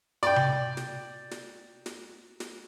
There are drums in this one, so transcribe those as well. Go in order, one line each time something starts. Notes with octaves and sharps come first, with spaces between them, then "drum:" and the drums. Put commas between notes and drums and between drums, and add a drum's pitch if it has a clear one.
D5 G5, drum: snare
drum: tom C3
drum: snare
drum: snare
drum: snare
drum: snare